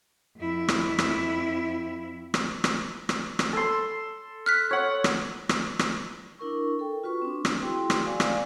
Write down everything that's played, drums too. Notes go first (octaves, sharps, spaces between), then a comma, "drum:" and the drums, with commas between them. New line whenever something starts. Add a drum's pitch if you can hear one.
F2 E4
drum: rim click
drum: rim click
drum: rim click
drum: rim click
drum: rim click
drum: rim click
A4 C6
F6 F#6 B6
C#5 F#5
drum: rim click
drum: rim click
drum: rim click
D4 E4 A#4 C#6
A4 G5
F4 F#4 B4 C#6
C4 D4
drum: rim click
E4 F#4 G#4 G5 C6
drum: rim click
D5 F5 G#5
drum: rim click